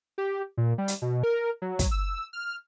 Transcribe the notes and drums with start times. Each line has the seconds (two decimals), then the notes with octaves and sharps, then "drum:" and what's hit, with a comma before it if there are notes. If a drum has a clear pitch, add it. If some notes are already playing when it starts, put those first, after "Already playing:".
0.18 G4
0.57 A#2
0.78 G3
0.88 drum: hi-hat
1.02 B2
1.23 A#4
1.62 F#3
1.79 drum: kick, hi-hat
1.91 E6
2.33 F6